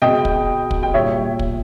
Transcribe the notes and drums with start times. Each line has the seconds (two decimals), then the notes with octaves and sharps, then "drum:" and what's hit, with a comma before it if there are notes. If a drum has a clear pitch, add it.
0.02 B2 G#3 D#5 G5
0.25 drum: kick
0.71 drum: kick
0.83 G5
0.94 A#2 G3 C#5 E5
1.39 drum: kick